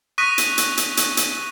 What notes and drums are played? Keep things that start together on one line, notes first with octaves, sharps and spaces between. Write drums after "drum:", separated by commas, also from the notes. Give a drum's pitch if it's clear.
C#6 D#6 F#6 A#6 B6 D#7
drum: hi-hat
drum: hi-hat
drum: hi-hat
drum: hi-hat
drum: hi-hat